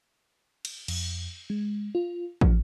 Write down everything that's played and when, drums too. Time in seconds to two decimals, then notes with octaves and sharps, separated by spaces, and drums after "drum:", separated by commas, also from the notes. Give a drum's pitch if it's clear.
0.65 drum: cymbal
0.88 F2, drum: cymbal
1.50 G#3
1.95 F4
2.41 F3, drum: kick